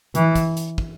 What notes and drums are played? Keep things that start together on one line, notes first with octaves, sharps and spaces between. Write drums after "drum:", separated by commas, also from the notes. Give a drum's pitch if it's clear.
E3, drum: hi-hat
drum: kick, hi-hat
drum: hi-hat
drum: kick